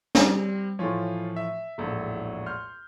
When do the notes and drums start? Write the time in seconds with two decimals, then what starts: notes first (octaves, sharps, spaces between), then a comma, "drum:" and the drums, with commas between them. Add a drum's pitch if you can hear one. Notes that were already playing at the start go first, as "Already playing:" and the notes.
0.15 G3 C4, drum: snare
0.79 A2 E3 F3 F4 C#5
1.36 E5
1.78 E1 A#1 A2
2.46 C6 F6 G6